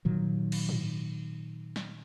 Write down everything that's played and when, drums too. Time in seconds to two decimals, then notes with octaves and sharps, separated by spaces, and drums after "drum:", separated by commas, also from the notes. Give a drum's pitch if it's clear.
0.05 A#2 D#3 F#3
0.52 drum: cymbal
0.69 drum: tom
1.76 drum: snare